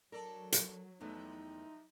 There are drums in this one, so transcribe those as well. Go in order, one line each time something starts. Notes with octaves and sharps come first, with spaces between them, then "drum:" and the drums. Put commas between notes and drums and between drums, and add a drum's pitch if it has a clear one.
F#3 D4 A4 A#4 D5
drum: hi-hat
E2 G#2 C3 F3 A3 B3 D#4